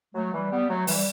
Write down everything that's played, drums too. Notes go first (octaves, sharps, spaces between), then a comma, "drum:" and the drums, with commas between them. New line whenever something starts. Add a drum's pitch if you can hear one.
F#3 A3
E3 G3
G3 B3
F#3 A3
E3 G3, drum: open hi-hat